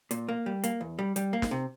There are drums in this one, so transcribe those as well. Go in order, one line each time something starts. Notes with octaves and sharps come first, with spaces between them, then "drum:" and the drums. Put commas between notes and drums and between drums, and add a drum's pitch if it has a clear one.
A#2, drum: hi-hat
A#3
G3
A#3, drum: hi-hat
E2
G3
G3, drum: hi-hat
A#3
drum: snare
C3